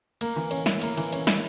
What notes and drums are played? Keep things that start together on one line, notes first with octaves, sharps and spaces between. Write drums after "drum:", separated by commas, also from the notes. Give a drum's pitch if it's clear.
A#3, drum: cymbal
E3
C#4, drum: cymbal
E4, drum: snare
A#3, drum: cymbal
E3, drum: cymbal
C#4, drum: cymbal
E4, drum: snare